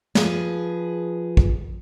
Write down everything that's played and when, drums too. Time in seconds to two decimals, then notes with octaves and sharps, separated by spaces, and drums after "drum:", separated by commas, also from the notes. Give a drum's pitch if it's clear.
0.15 F3 G#4 B4, drum: snare
1.37 drum: kick